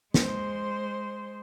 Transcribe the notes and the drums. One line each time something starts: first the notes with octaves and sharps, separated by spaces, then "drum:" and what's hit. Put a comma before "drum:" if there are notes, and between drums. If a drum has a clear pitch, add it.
G#3 C5 C6, drum: snare